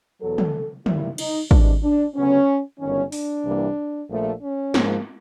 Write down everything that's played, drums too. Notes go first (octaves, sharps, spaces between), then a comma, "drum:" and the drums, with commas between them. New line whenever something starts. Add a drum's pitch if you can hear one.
E2 B2 F#3 A4
drum: tom
G2 D#3 G3 A#3 E4, drum: tom
D#4, drum: cymbal
C2 C3 E3 G#3 D4, drum: kick
D4
D2 C#3 F#3 B3 C#4
G1 F#2 D#3 C#4
D4, drum: open hi-hat
C2 C3 E3 G3 A#3
A#1 A#2 F3 A3
C#4
G#2 F3 A#3, drum: snare